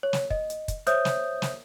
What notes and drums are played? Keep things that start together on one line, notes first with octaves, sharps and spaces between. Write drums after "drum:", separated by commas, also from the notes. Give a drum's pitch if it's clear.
C#5
drum: snare
D#5, drum: kick
drum: hi-hat
drum: kick, hi-hat
C5 C#5 E5 D#6 G6, drum: hi-hat
drum: snare
drum: snare